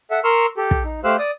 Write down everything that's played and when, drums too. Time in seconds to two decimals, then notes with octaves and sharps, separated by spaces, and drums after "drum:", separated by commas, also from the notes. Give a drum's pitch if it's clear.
0.11 A4 E5 F#5
0.24 A#4 C6 C#6 E6 F6
0.58 G4 A4
0.71 drum: kick
0.85 D#4
1.04 A3 G4 C5 F5 E6 F#6
1.19 D5 D#6